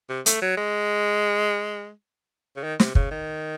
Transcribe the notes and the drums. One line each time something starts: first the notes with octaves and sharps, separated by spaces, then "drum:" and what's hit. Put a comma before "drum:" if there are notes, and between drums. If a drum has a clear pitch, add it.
C3
A3, drum: hi-hat
F#3
G#3
C#3
D#3
C3, drum: snare
C#3, drum: kick
D#3